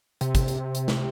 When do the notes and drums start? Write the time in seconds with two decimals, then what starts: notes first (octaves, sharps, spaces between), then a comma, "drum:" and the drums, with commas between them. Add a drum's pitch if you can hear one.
0.21 C3, drum: hi-hat
0.35 drum: kick, hi-hat
0.48 drum: hi-hat
0.75 drum: hi-hat
0.88 drum: snare